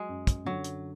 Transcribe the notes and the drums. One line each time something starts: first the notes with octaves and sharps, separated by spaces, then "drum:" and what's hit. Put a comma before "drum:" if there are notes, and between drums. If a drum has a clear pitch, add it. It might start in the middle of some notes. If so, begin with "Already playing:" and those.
Already playing: F#3 G#3
F#2
drum: kick, hi-hat
D3 F#3
drum: hi-hat